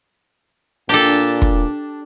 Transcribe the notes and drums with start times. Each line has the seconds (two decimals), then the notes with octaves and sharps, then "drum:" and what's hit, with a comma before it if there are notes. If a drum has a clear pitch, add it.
0.89 A#2 D4 G4 A4, drum: hi-hat
1.42 drum: kick